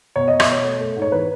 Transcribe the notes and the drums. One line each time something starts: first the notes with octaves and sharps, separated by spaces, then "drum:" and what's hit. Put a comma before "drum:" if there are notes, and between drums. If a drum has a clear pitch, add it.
B2 C#5
B2 D#5
E5, drum: rim click
B2 C#5
A3
A3
G#2
C#5
E3 B4